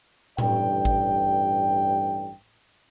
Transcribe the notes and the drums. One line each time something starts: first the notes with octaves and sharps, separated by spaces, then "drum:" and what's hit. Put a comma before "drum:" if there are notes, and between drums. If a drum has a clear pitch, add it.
A1 G2 D5 G5, drum: tom A2
drum: kick G#1